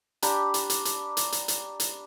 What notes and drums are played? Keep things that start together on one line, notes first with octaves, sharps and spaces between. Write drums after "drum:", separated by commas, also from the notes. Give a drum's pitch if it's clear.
D4 G4 A#5 B5, drum: hi-hat
drum: hi-hat
drum: hi-hat
drum: hi-hat
drum: hi-hat
drum: hi-hat
drum: hi-hat
drum: hi-hat